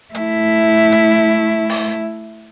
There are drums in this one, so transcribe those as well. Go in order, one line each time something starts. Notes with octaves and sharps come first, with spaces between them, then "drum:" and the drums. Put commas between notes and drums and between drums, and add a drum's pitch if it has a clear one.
A3 E4, drum: hi-hat
drum: hi-hat
drum: open hi-hat